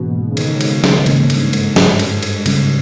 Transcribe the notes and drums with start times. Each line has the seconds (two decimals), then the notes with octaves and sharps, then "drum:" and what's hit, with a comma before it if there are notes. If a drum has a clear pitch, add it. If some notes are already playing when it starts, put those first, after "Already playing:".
Already playing: G#2 B2 E3 A#3 C#4
0.15 B2
0.28 C#3
0.37 D#3, drum: cymbal
0.61 C#3, drum: cymbal
0.84 D#3, drum: snare
1.06 G#2 C#3 E3 A#3 C#4, drum: cymbal
1.30 G2, drum: cymbal
1.53 G#2, drum: cymbal
1.76 drum: snare
1.99 drum: cymbal
2.23 drum: cymbal
2.46 C#3 G3 C#4, drum: cymbal